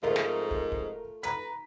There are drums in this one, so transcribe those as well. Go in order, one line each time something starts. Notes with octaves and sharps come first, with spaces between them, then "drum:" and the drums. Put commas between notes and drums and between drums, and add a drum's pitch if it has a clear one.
F2 G#2 A3 F4 A#4
drum: snare
drum: kick
drum: kick
B4 A#5 B6, drum: hi-hat